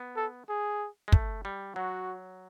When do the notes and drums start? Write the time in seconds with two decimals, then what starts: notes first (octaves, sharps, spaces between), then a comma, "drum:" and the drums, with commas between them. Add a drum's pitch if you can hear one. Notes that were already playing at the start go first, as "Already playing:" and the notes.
Already playing: B3
0.17 A4
0.49 G#4
1.08 G#3
1.12 A3, drum: kick
1.45 G3
1.76 F#3 F#4